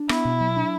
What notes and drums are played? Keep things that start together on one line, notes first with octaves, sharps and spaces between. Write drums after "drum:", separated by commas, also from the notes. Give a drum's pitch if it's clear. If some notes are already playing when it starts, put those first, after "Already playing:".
Already playing: D4
B3 E4, drum: rim click
B2
F#3
D4